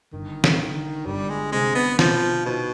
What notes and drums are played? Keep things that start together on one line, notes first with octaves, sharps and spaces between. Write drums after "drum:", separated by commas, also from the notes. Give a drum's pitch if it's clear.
G1 D#3
drum: snare
D3
G1 G3
G#3
C3 G#3
B3
B2 F3, drum: snare
B2 D#4